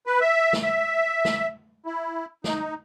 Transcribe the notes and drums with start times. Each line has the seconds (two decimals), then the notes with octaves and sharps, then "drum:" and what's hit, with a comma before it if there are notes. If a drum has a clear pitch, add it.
0.07 B4
0.21 E5
0.53 drum: snare
0.63 E5
1.25 drum: snare
1.86 E4
2.44 D#4, drum: snare